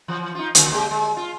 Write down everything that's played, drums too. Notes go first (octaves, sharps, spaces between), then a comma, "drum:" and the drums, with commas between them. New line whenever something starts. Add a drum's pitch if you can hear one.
E3
D#4 F4
A#2 D3 F#4, drum: hi-hat
G#3 A#3 G4
G#3
F4